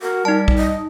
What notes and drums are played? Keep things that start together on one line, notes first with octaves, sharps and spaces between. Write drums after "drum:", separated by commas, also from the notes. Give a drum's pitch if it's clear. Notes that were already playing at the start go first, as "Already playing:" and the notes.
F#4 A#4
G3 D#4 A5
drum: kick
D#5